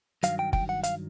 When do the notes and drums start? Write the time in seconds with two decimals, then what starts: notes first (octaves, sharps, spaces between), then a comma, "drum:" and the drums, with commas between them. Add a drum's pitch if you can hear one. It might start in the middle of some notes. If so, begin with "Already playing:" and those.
0.23 G2 D#3 F#3 F5, drum: hi-hat
0.39 G5
0.53 G5, drum: kick
0.69 F#5
0.84 F5, drum: hi-hat